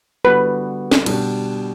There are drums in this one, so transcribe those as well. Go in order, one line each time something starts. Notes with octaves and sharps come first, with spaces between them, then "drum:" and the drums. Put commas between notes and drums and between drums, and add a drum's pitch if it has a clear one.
D3 G3 B3 F#4 B4
drum: snare
B2 G3 D4 G4, drum: cymbal